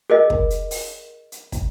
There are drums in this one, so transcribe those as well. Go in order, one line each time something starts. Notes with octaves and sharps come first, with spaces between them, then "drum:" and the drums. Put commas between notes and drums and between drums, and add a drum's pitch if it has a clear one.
G#4 A#4 D#5
drum: kick
drum: hi-hat
drum: open hi-hat
drum: hi-hat
drum: kick, hi-hat